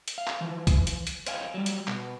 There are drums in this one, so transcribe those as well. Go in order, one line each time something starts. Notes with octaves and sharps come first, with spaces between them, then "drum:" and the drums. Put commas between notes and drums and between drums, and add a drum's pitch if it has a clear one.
drum: hi-hat
F5
drum: clap
E3 F3
drum: kick C2, hi-hat
drum: hi-hat
drum: hi-hat
C5 C#5 D#5 F5 G5 G#5, drum: hi-hat
F#3 G3
drum: hi-hat
B2, drum: clap